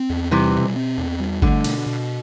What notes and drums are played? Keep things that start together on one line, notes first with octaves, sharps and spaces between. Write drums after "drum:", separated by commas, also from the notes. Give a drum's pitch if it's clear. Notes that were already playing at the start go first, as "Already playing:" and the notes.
Already playing: C4
E2
C3 E3 G3
B2
C4
E2
G3
D3 A3, drum: kick G1
B2, drum: cymbal
B2